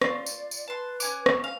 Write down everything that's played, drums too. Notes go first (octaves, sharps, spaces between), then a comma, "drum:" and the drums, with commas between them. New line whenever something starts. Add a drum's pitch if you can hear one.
F4 D5, drum: rim click
drum: tambourine
drum: tambourine
B4 A5 C6
C#4 G#5 D6, drum: tambourine
drum: rim click
F5 G#5